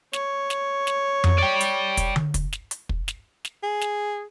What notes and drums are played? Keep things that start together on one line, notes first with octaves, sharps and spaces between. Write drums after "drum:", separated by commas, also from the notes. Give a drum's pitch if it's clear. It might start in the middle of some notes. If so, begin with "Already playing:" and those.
C#5, drum: snare
drum: snare
drum: snare
drum: tom F2
D5 G5
drum: hi-hat
drum: kick, hi-hat
drum: tom D3
drum: kick, hi-hat
drum: snare
drum: hi-hat
drum: kick
drum: snare
drum: snare
G#4
drum: snare